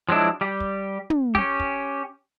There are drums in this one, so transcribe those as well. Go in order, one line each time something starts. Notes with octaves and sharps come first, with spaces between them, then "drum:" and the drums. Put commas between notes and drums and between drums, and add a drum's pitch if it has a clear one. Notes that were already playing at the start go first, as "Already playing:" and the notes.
F3 F#3 G#3 D4 E4
G3 G4
drum: kick
drum: tom
C#4 G4, drum: kick
drum: kick